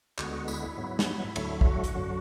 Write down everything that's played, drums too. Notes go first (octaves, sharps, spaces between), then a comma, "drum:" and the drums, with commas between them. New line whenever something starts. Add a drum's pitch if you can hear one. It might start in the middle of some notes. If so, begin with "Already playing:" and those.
D2 D3 G#3 B3 F#4, drum: clap
F#4
E4, drum: tambourine
G#2 F#3 B3
drum: snare
D2 D3 F#3 A3, drum: cymbal
E4, drum: kick
F#4
drum: hi-hat
F#2 D3 F#3